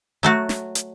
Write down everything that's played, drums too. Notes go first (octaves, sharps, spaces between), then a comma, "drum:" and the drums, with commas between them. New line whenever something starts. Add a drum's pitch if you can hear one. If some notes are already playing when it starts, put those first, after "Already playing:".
F#3 A3 F#4
drum: snare
drum: hi-hat